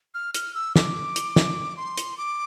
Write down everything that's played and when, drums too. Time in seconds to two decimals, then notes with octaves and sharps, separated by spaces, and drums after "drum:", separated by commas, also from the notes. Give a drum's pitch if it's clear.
0.14 F6
0.34 F6, drum: hi-hat
0.55 E6
0.76 D6, drum: snare
1.16 drum: hi-hat
1.36 drum: snare
1.77 C6
1.97 drum: hi-hat
2.18 D6